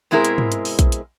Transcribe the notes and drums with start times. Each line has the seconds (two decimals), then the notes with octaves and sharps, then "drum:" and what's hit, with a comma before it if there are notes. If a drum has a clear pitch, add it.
0.11 B2 G#3 C4 E4 G#4 A#4
0.25 drum: hi-hat
0.38 drum: tom
0.52 drum: hi-hat
0.65 drum: open hi-hat
0.79 drum: kick A#1, hi-hat
0.92 drum: hi-hat